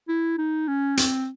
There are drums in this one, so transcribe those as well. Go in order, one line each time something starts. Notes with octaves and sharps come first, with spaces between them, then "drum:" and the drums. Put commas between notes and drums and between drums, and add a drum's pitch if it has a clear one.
E4
D#4
C#4
C4, drum: hi-hat